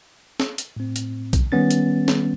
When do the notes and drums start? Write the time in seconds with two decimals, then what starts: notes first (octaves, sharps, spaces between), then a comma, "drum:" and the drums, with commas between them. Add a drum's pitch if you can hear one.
0.40 drum: snare
0.58 drum: hi-hat
0.76 A2 C4
0.96 drum: hi-hat
1.33 drum: kick B1, hi-hat
1.52 D#3 G3 B3 C#4 A6
1.71 drum: hi-hat
2.08 drum: snare